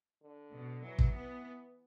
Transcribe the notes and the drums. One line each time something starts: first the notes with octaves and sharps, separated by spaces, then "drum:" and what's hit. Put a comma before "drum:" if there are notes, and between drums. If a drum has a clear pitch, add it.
D3
B2
E3 F#3
drum: kick
B3